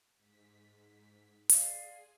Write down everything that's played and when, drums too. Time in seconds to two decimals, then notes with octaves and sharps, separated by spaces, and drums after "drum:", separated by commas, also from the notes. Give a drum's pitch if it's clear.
0.17 G#2 B6
1.49 G#4 D5 F5 G#5 C6, drum: hi-hat